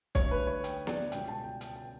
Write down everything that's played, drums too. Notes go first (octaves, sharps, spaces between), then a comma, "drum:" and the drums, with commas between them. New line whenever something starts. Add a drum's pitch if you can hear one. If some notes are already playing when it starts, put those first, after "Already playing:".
D2 D3 G3 C#5, drum: kick, hi-hat
B4
C#5
G5, drum: hi-hat
D5, drum: snare
C#2 B2 G3 G5, drum: hi-hat
A5
G5
G5, drum: hi-hat
G5